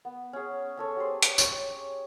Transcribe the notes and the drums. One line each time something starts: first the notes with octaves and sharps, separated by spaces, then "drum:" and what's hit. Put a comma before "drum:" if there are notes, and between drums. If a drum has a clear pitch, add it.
B3
C#4 G#4
C#4 A4 C#5
G4 G#4 C5
drum: hi-hat
C#4 C#5, drum: tambourine